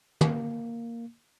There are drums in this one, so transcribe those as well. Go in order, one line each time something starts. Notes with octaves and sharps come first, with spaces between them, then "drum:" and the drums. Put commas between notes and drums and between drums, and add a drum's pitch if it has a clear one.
A#3, drum: tom